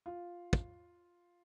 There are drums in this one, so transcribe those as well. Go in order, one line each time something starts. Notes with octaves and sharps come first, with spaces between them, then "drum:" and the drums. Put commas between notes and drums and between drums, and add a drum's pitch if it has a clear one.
F4
drum: kick